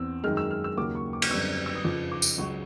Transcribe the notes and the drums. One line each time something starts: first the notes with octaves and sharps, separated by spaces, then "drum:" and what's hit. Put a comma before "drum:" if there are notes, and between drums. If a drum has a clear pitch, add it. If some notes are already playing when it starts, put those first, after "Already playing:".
Already playing: E2 C4 E6
F#2 D#3 G#3 F6
E6
F6
E6
D#2 C#3 F#3 A#3 D6
C#6
D6
F6, drum: cymbal
F#2 D3 G3 C4 E6
F6
E6
D#6
F2 C#3 F3 D6
D6
drum: tambourine
C#2 C#3 F#3 C#6